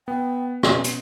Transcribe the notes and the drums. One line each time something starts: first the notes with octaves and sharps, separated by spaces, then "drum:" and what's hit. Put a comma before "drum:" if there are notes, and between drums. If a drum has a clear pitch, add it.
B3 G5
B2 C#4, drum: rim click
drum: hi-hat